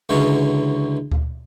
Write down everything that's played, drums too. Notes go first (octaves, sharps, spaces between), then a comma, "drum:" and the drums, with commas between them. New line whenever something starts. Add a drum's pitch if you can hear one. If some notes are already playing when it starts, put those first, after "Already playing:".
C#2 D3 E3 F#3 C#4
drum: kick D2